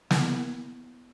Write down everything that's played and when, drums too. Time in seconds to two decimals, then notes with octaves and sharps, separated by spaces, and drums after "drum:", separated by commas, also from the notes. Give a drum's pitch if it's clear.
0.11 B3 E4, drum: snare